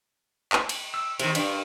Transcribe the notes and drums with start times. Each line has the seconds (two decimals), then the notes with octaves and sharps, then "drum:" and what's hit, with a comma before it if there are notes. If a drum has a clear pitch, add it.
0.53 drum: clap
0.69 drum: cymbal
0.94 E6
1.20 C3 D#3 A#4, drum: cymbal
1.35 G2, drum: cymbal